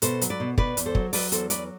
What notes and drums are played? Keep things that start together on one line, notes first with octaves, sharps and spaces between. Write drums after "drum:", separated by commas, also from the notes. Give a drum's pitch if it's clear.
B2 A4 C5, drum: hi-hat
F#3, drum: hi-hat
B4 D5
B2
B2 B4 D5, drum: kick
E2, drum: hi-hat
A4 C5
F#3, drum: kick
F#3 B4 D5, drum: open hi-hat
E2 A4 C5, drum: hi-hat
F#3 B4 D5, drum: hi-hat